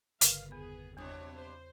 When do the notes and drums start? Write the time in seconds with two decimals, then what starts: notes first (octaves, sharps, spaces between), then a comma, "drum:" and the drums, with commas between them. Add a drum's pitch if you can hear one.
0.21 G1 C#3 A#4 B4 F5, drum: hi-hat
0.51 E2 B3 G#4 B5
0.97 E2 G2 B2 C4 C#5 D#6
1.35 C5